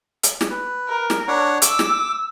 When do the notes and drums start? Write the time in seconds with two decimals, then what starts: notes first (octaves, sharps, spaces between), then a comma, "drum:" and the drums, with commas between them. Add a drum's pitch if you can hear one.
0.23 drum: hi-hat
0.41 drum: snare
0.50 B4
0.88 A#4
1.10 drum: snare
1.28 D4 C#5 F#5
1.62 D6 E6, drum: hi-hat
1.79 drum: snare